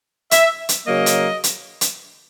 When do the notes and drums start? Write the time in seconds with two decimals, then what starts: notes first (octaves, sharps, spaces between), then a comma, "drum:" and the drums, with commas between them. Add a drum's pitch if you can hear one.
0.31 E5, drum: hi-hat
0.69 drum: hi-hat
0.87 C#3 F#3 A#3 D#5
1.06 drum: hi-hat
1.44 drum: hi-hat
1.81 drum: hi-hat